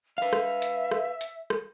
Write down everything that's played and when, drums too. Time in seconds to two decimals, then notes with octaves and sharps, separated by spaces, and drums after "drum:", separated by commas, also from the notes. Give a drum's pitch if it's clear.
0.18 B4 E5 F5
0.33 drum: rim click
0.62 drum: hi-hat
0.91 drum: rim click
1.21 drum: hi-hat
1.50 drum: rim click